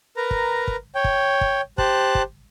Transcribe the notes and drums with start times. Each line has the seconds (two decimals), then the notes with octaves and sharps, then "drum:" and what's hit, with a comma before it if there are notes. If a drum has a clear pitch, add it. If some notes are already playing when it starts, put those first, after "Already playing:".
0.17 A#4 B4 A#5
0.31 drum: kick
0.68 drum: kick
0.95 C#5 G5
1.04 drum: kick
1.41 drum: kick
1.78 G4 C5 A5 F#6, drum: kick
2.15 drum: kick